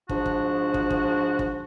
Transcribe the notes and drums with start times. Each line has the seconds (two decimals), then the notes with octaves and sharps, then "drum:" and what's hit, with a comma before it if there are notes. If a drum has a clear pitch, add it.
0.09 G#2 F3 D4 F#4, drum: kick
0.26 drum: kick
0.74 drum: kick
0.90 drum: kick
1.39 drum: kick